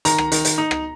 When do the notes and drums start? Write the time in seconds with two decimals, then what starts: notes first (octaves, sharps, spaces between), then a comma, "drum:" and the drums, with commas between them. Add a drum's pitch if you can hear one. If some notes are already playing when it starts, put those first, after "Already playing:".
0.05 D#3 A#5, drum: hi-hat
0.18 drum: rim click
0.32 D#3, drum: hi-hat
0.45 drum: hi-hat
0.58 D#4
0.71 drum: rim click